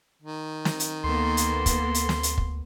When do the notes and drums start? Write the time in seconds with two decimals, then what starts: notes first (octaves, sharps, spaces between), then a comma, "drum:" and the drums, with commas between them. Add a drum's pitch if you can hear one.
0.22 D#3
0.65 drum: snare
0.80 drum: hi-hat
1.04 D2 A#3 B3 A4 C6
1.37 drum: hi-hat
1.66 drum: kick, hi-hat
1.94 drum: hi-hat
2.09 drum: snare
2.23 drum: hi-hat
2.38 drum: kick